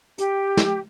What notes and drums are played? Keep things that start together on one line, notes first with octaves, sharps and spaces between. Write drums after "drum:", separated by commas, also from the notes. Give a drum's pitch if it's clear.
G4, drum: hi-hat
drum: snare